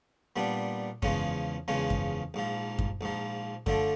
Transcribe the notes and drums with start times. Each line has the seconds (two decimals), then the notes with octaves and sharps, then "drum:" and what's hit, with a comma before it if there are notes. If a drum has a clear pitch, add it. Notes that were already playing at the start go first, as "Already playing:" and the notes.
0.36 A#2 G3 B3 D4
1.02 E2 C#3 F3 G#3 C#4, drum: kick F#2
1.68 E2 C#3 F3 G#3 C#4
1.90 drum: kick F#2
2.34 A#1 G#2 F3
2.79 drum: kick F#2
3.01 A#1 G#2 F3
3.66 D3 F3 A3 D4, drum: kick F#2